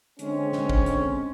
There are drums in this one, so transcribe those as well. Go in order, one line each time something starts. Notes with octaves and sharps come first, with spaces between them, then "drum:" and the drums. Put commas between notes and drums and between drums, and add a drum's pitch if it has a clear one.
D3 G#3 C4 C#4, drum: hi-hat
drum: snare
drum: kick
drum: hi-hat